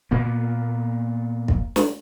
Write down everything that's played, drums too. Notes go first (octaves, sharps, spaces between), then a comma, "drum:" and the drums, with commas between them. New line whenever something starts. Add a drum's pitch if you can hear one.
A#2 A#3 B3
drum: kick
drum: snare